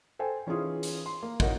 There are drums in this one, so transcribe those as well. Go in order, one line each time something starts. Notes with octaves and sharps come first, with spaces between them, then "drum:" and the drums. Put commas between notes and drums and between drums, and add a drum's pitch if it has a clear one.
A4 C5 G5 G#5
E3 C#4 D#4 F4 G#4
drum: hi-hat
C6
A#3
D#4 E4 F#4 A#4 C#5 D#5, drum: kick